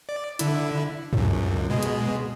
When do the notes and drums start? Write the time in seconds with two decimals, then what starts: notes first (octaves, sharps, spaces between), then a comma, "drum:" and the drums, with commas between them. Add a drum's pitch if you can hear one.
0.09 D5
0.39 D3 E4, drum: hi-hat
1.13 C#2 F#2, drum: tom F#2
1.70 B2 G#3
1.83 drum: hi-hat